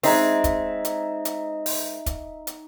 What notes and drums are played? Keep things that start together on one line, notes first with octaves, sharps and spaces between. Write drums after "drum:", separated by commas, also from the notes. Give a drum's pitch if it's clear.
G#3 C4 D#4 E5, drum: open hi-hat
drum: kick, hi-hat
drum: hi-hat
drum: hi-hat
drum: open hi-hat
drum: kick, hi-hat
drum: hi-hat